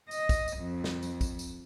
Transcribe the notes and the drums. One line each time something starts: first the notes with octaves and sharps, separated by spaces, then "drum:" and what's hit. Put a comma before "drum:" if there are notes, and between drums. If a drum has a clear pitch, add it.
D#5, drum: tambourine
drum: kick, tambourine
drum: tambourine
F2
drum: snare
drum: tambourine
drum: kick, tambourine
drum: tambourine